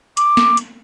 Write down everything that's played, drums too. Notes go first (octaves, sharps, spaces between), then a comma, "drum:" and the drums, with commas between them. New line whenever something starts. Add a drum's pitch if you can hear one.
D6, drum: hi-hat
drum: snare
drum: hi-hat